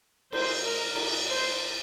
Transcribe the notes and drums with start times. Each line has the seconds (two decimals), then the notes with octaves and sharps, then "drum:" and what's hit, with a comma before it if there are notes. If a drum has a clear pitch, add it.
0.32 C5, drum: cymbal
0.65 A#4
0.95 drum: cymbal
1.29 C5